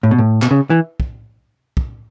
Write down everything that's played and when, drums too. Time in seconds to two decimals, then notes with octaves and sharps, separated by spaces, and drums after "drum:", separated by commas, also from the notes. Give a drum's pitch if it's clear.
0.03 A2
0.11 B2
0.19 A2
0.42 B2, drum: clap
0.51 C#3
0.70 E3
1.00 drum: kick
1.77 drum: kick